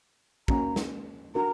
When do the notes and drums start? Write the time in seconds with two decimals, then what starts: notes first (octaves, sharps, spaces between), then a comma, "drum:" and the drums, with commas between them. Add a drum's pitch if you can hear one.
0.48 A#3 C#4 F#4 A#5, drum: kick
0.76 drum: snare
1.35 D4 F#4 A#4 A#5